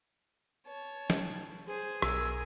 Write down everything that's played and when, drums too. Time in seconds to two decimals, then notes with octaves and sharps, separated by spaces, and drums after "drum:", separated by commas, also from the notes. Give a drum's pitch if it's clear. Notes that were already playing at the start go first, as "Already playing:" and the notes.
0.67 C#5 A5
1.10 drum: snare
1.67 G#4 C5
2.02 B1 A#4 E6, drum: rim click